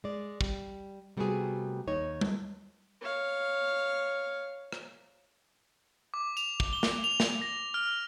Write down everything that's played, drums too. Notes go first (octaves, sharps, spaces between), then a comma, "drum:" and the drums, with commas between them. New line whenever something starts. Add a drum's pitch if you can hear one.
G#3 D5
G3, drum: kick
C3 G3 A3 B3 F#4 G#4
D#2 D#4 C#5
drum: tom G3
C#5 F5
drum: rim click
D6
F7, drum: tambourine
drum: kick
G7
drum: snare
F7
drum: snare
A#6
F6